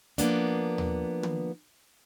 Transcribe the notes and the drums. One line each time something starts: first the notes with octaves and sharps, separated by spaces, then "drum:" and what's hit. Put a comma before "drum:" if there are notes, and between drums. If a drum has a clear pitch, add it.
F3 A#3 B3 D4, drum: hi-hat
drum: tom D#2
drum: tom